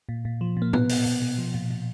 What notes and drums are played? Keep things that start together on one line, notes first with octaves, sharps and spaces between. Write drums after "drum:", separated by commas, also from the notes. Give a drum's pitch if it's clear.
A#2
A#2
F3
A#2
A#3
B2 B3, drum: tom A2
B2, drum: open hi-hat
B2
B2
F3
A#2
A#2